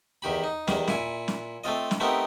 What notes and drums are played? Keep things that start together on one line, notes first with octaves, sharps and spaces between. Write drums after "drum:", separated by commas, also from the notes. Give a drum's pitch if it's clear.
E2 D#3 G4 B5
D#4
E2 D#3 G3, drum: snare
A#2 E4 G#5, drum: snare
drum: snare
A3 C4 F4 D#5
drum: snare
A3 B3 C4 D#4 G4 A#4